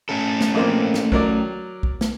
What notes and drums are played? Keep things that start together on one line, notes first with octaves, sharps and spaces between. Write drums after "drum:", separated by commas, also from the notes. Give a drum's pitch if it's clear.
A3 C#4 A4
drum: snare
A#1 A#3 C4
drum: snare
F#3 A#4 D5, drum: kick B1
drum: kick B1
drum: snare